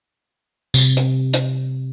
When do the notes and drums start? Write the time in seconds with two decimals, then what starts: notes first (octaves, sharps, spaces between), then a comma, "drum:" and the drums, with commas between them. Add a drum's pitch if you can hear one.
0.74 C3, drum: tambourine
0.97 drum: hi-hat
1.33 drum: hi-hat